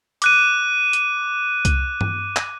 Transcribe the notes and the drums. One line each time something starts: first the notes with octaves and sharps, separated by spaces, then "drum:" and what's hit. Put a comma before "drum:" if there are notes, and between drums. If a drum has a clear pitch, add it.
D6 F#6 D#7, drum: hi-hat
drum: hi-hat
drum: kick C2, hi-hat
drum: tom G2
drum: clap